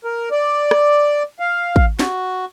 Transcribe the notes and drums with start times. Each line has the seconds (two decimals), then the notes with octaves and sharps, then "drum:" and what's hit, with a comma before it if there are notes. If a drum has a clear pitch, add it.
0.04 A#4
0.31 D5
0.71 drum: rim click
1.40 F5
1.76 drum: kick
1.99 F#4, drum: snare